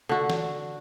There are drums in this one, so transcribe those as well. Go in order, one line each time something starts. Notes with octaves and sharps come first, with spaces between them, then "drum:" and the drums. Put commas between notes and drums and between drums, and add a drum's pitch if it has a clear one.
D3 F#4
drum: snare